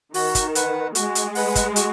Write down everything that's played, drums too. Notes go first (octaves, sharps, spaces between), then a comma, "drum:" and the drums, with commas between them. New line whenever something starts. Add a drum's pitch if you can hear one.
D#3 F#4, drum: open hi-hat
drum: kick, hi-hat
B4 F#5, drum: hi-hat
G#3 F#4, drum: hi-hat
drum: hi-hat
B4 F#5, drum: open hi-hat
drum: kick, hi-hat
F#4, drum: hi-hat